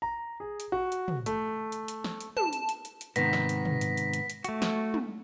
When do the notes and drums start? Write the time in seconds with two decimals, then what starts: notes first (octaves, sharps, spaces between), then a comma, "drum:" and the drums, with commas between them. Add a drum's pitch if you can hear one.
0.02 A#5
0.40 G#4
0.60 drum: hi-hat
0.72 F#4
0.92 drum: hi-hat
1.08 drum: tom
1.26 A3, drum: hi-hat
1.72 drum: hi-hat
1.88 drum: hi-hat
2.04 drum: snare
2.20 drum: hi-hat
2.37 A5, drum: tom
2.53 drum: hi-hat
2.69 drum: hi-hat
2.85 drum: hi-hat
3.01 drum: hi-hat
3.16 G#2 C3 D#3 B3 A#6 B6, drum: hi-hat
3.33 drum: snare
3.49 drum: hi-hat
3.65 drum: tom
3.81 drum: hi-hat
3.97 drum: hi-hat
4.13 drum: hi-hat
4.30 drum: hi-hat
4.44 A3 F#4, drum: hi-hat
4.62 drum: snare
4.94 drum: tom